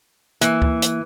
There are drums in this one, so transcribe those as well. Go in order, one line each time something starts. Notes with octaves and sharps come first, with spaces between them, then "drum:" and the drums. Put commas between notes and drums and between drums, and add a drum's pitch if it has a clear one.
E3 A#3, drum: hi-hat
drum: kick D2
drum: hi-hat